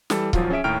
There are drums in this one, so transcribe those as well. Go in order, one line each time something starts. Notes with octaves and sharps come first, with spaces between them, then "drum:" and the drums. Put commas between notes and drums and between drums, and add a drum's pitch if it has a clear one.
E3 G3 A4 A5, drum: snare
G#1 F3 F#3 F4, drum: kick C#1
C#4 G#4 E5 D7
D#2 A2 G5 A#5 F6 D7